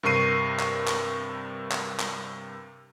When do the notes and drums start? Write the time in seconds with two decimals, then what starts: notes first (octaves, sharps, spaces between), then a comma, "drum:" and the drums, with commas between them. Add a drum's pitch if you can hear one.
0.03 G2 C3 A#4 C#6 C7 D#7
0.59 drum: clap
0.87 drum: clap
1.71 drum: clap
1.99 drum: clap